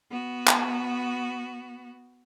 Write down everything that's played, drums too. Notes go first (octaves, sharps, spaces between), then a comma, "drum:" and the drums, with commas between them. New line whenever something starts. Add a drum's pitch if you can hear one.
B3 F#4
drum: clap